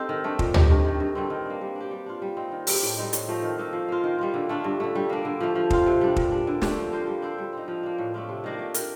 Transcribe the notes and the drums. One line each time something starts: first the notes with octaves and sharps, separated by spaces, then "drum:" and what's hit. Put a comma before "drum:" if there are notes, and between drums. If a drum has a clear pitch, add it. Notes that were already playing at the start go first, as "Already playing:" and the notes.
Already playing: C4 D#4 G4 A4 C5
D#3
A3 D4
A#2, drum: kick
A3 D#4 G4, drum: tom
G2
D#3 A3
G2
D3 G3 C4
D#3
A#3 D4
G3
D4 G4
G3
D4 F4
G3
C4 D#4
D#3
G3 D4 G4, drum: open hi-hat
A2
G3 C4 D#4
A2, drum: hi-hat
F3 A3 D#4
D#3
A#3 D#4 A4
F3
A#3 F4
D#3
G3 A#3 F4
D3
A3 D4 F4
G2
D3 A3
G3
A#3 D4
D3
F3 A3
F3
C4 F4, drum: kick
C3
G3 D4
A#2, drum: kick
G3 D4
D3
A3 D4 G4, drum: snare
F3
A#3 F4 C5
G3
D4 A4 C5
G3
C4 D#4
F3
A#3 D4
A2
A3 D4 F4
C3
D#3 A#3 D4
A3
D4 G4 A#4, drum: hi-hat